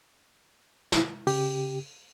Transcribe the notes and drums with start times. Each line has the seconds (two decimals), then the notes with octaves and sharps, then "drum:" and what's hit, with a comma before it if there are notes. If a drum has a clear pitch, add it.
0.92 drum: snare
1.27 C#3 G4, drum: open hi-hat